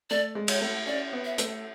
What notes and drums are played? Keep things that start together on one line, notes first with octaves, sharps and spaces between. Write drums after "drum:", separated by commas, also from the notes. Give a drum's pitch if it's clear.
A3 D5
G#3
C#5, drum: cymbal
A3
C#4 D5
B3
E5
A3, drum: hi-hat